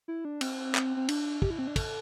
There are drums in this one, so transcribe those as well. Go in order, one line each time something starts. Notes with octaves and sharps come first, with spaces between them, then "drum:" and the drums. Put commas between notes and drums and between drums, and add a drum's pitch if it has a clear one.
E4
D4
C4, drum: cymbal
drum: clap
C4
D4, drum: cymbal
G4, drum: kick
E4
C4
D4
A4, drum: kick, cymbal